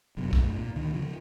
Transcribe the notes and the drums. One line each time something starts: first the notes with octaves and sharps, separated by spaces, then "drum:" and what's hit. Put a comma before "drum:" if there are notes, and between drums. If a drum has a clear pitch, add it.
F1 F#2 B2
F#2 A2 A3, drum: kick B1
A#2
D2 D#3
C#3 F3